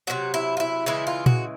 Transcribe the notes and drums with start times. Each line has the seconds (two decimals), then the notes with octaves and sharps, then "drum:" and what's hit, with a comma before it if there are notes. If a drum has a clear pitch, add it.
0.07 C3 D#3 F#3 F#4
0.34 E4
0.57 F4
0.60 E4
0.86 C#3 E3 G#3 E4
1.07 F4
1.26 F#4, drum: tom A#2